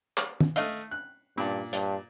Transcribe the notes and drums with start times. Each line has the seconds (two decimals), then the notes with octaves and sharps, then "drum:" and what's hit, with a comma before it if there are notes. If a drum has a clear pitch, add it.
0.17 drum: clap
0.41 drum: tom
0.56 A3 D#5 F5, drum: hi-hat
0.91 F#6
1.38 G2 A#2 D4
1.73 G2, drum: hi-hat